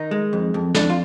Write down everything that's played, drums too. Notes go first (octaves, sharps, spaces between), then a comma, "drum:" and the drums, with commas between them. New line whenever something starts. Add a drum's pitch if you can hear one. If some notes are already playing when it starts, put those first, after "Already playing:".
Already playing: D#3 D#4
G#3
F2
F2
F2 D4, drum: snare
F4